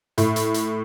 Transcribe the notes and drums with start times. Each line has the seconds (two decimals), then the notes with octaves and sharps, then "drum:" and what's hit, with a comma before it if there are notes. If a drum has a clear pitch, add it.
0.18 A2, drum: hi-hat
0.36 drum: hi-hat
0.54 drum: hi-hat